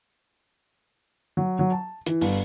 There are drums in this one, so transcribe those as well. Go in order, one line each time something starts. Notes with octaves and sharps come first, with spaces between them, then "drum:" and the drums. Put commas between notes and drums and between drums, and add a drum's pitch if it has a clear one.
F#3
F#3
A5
E3, drum: hi-hat
G1, drum: open hi-hat